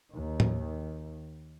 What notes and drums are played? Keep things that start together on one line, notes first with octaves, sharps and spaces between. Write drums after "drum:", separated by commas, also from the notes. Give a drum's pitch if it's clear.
D#2 D#3
drum: tom A2